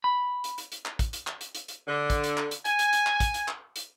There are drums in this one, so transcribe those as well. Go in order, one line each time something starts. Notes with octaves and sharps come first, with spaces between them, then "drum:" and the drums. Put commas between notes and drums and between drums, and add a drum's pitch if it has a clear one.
B5
drum: hi-hat
drum: hi-hat
drum: hi-hat
drum: clap
drum: kick, hi-hat
drum: hi-hat
drum: clap
drum: hi-hat
drum: hi-hat
drum: hi-hat
D3
drum: kick, hi-hat
drum: hi-hat
drum: clap
drum: hi-hat
G#5, drum: hi-hat
drum: hi-hat
drum: hi-hat
drum: clap
drum: kick, hi-hat
drum: hi-hat
drum: clap
drum: hi-hat